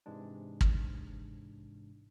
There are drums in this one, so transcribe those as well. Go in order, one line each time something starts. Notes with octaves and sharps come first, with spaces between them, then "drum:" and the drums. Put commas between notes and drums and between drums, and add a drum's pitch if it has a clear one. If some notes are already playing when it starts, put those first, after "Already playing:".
G#2 C3 E3 G#3 D4
drum: kick